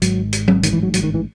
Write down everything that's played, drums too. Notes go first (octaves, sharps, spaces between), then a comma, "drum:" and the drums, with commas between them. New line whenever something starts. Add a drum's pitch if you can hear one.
G#1 G#2 F#3, drum: hi-hat
drum: hi-hat
drum: tom F#3
A1 G#2 D#3, drum: hi-hat
E3
F#3
F#3, drum: hi-hat
D#3
E3